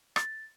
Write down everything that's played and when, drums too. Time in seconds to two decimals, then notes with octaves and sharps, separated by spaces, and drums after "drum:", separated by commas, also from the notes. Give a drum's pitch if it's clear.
0.16 A6, drum: rim click